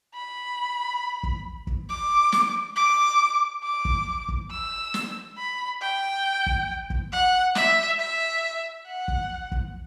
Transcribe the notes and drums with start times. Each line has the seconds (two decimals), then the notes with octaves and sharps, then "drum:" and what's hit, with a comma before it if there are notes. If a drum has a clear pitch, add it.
0.14 B5
1.23 drum: kick
1.67 drum: kick
1.89 D6
2.32 drum: snare
2.76 D6
3.63 D6
3.85 drum: kick
4.29 drum: kick
4.51 E6
4.94 drum: snare
5.37 B5
5.81 G5
6.46 drum: kick
6.90 drum: kick
7.12 F#5
7.55 E5, drum: snare
7.99 E5
8.86 F#5
9.08 drum: kick
9.52 drum: kick